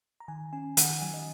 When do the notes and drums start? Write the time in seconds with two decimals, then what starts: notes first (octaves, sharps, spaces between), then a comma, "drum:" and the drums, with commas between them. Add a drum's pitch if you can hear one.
0.20 A#5
0.28 D#3 G#5
0.53 C#4 G#5
0.77 D#3 F#5, drum: hi-hat
0.89 G#5
1.02 F#3 G#5
1.14 D#5